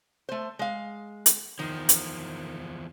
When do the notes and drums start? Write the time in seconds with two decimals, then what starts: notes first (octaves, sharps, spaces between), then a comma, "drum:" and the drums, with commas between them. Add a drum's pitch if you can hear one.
0.29 A3 C5
0.59 G#3 F5
1.26 drum: hi-hat
1.59 E2 D#3 F3
1.89 drum: hi-hat